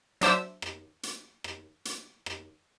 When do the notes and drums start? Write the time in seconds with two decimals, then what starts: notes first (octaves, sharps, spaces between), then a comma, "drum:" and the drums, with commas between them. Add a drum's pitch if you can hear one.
0.21 F#3 D4 C5 E5, drum: hi-hat
0.62 drum: rim click
1.03 drum: hi-hat
1.44 drum: rim click
1.85 drum: hi-hat
2.26 drum: rim click